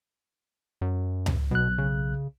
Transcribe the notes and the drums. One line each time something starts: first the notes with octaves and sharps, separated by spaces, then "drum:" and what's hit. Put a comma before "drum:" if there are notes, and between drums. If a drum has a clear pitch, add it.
F#2
drum: tom C#2
B1 B2 F#6
C#3